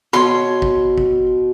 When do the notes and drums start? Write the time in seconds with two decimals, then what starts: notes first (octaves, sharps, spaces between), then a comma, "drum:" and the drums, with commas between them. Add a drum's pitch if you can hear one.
0.13 B2 C#5 C6
0.62 drum: kick
0.98 drum: kick